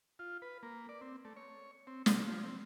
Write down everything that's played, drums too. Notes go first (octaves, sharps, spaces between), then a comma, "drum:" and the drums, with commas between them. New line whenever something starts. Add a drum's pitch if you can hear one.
F4
B4
A#3
D5
C4
A3
C#5
C4
C3, drum: snare
F3
C4